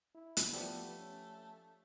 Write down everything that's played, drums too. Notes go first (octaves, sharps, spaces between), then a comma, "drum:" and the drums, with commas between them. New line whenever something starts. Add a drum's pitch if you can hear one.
E4
drum: hi-hat
F3 A3 B3 G4 D5
C#4